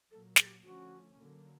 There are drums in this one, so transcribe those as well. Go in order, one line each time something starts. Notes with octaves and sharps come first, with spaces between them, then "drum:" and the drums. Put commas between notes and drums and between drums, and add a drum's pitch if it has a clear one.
A#2 F#3 A#3 A4
G#4, drum: snare
G4
D3 F3 A3 C#4 F#4
D3 F#3 A#3